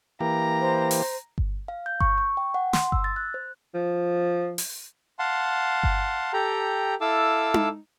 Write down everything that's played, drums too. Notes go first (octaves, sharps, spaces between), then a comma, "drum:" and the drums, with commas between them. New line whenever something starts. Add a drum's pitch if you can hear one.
E3 A#3 G4 A#5
C5
drum: open hi-hat
drum: kick G1
F5
G6
C#6, drum: kick G1
C#6
G5
F#5
C6, drum: snare
E6, drum: kick G1
A6
F#6
C5
F3
drum: open hi-hat
F5 F#5 A5 C6
drum: kick G1
G4 A4 G5 A#5
E4 A4 F5 A5 D6 E6
drum: tom D#4